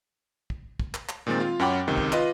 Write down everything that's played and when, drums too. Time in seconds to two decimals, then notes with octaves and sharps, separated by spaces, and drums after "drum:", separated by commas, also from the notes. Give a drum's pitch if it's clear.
0.50 drum: kick
0.80 drum: kick
0.94 drum: clap
1.09 drum: clap
1.27 A#2 D#3 G#3 C4 A6
1.40 F4 F5
1.59 F#2 C#4 F#5 G5 B5 D6
1.88 C#2 C3 D#3
1.98 drum: kick
2.12 F4 B4 D#5 C6, drum: clap